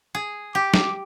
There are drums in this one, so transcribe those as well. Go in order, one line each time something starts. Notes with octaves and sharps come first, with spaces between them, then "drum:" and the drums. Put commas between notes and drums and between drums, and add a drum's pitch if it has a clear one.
G#4
G4 D6
drum: snare